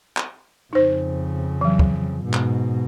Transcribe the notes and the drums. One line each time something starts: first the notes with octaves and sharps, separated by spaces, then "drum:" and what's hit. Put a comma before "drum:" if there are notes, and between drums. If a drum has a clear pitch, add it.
drum: clap
F2 C#3 D#4 C5
E3 F#3
drum: kick
G#2 B2
drum: clap